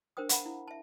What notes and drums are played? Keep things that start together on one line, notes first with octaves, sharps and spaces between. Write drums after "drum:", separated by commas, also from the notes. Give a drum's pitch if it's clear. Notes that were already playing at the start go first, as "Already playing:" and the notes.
D4 A#4 C5 G5 D#6
F5 F#5 B5, drum: hi-hat
E4
E5 A5